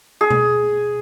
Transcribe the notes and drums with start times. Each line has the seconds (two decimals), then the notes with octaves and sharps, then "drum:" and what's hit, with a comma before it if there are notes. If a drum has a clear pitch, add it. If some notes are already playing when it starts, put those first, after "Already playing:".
0.21 G#4
0.31 drum: tom B2